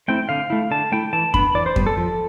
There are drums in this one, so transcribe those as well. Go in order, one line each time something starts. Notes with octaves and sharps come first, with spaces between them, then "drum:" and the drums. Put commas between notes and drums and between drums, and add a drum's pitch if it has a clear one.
A3 C4 E4 G5
D3 F5
A3 E4
D3 A5
A3 E4 G5
E3 A5
B3 D4 B5, drum: kick F2
E3 D5
C5
G3 B3, drum: kick F2
A4
F3